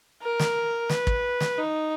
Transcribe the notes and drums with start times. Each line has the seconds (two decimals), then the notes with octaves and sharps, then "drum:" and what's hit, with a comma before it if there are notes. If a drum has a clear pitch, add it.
0.22 A#4
0.40 drum: snare
0.90 B4, drum: snare
1.07 drum: kick
1.40 drum: snare
1.58 D#4